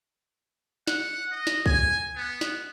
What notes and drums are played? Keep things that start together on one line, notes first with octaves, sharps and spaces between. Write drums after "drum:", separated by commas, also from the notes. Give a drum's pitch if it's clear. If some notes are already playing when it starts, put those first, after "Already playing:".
F#5, drum: snare
D#5
drum: snare
G#5, drum: kick
B3
drum: snare